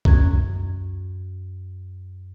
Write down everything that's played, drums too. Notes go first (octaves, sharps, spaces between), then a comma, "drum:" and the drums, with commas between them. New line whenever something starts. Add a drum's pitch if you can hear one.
F#2 C#4 F#4 G#6, drum: kick C2